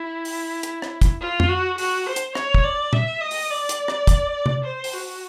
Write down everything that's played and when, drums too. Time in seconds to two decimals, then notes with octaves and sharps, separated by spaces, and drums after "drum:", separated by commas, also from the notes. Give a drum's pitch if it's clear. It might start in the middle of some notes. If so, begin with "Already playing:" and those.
Already playing: E4
0.25 drum: open hi-hat
0.63 drum: hi-hat
0.82 drum: rim click
1.01 drum: kick, hi-hat
1.21 F4
1.40 drum: tom
1.49 F#4
1.78 F#4, drum: open hi-hat
2.07 C5
2.16 drum: hi-hat
2.35 C#5, drum: rim click
2.54 drum: kick
2.64 D5
2.93 E5, drum: tom
3.21 D#5
3.31 drum: open hi-hat
3.50 D5
3.69 drum: hi-hat
3.88 drum: rim click
4.07 drum: kick, hi-hat
4.46 drum: tom
4.65 C5
4.84 drum: open hi-hat
4.93 F#4